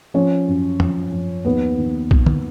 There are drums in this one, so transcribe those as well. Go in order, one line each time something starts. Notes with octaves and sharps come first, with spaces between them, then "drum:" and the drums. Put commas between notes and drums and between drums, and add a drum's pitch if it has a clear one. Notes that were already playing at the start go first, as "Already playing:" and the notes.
F3 C#4 C#5
F#2
F3, drum: tom
F3
D#2 B3 B4
D#3
D#3, drum: kick B1
drum: tom